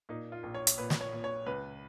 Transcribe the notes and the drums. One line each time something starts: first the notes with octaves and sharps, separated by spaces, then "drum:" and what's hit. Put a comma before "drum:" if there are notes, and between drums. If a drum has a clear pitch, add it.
A#2 D#4
F4
A#1
C#5
drum: hi-hat
A#2 B4
drum: snare
C#5
A#2
C#5
C#2 B4